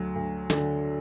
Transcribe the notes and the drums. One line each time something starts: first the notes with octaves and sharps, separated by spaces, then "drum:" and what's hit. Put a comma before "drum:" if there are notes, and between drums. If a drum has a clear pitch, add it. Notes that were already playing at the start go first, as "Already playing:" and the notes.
Already playing: D2 F#3
D2
D3, drum: snare